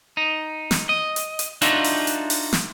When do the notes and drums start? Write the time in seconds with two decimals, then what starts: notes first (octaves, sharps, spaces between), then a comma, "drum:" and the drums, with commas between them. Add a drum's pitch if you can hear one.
0.17 D#4
0.71 drum: snare
0.89 D#5
1.16 drum: hi-hat
1.39 drum: hi-hat
1.62 D4 D#4 F4 F#4 A4 E5, drum: hi-hat
1.84 drum: open hi-hat
2.07 drum: hi-hat
2.30 drum: open hi-hat
2.53 drum: snare